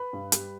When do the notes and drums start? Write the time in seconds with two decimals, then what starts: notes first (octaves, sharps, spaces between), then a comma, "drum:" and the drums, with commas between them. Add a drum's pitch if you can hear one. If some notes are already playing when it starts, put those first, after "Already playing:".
Already playing: B4 B5
0.13 G2
0.32 G3, drum: hi-hat